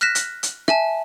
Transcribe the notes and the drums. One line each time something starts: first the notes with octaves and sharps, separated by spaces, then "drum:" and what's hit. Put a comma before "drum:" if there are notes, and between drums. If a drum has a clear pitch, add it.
F6 F#6 A#6 B6 E7
drum: hi-hat
drum: hi-hat
E5 G#5 A5, drum: rim click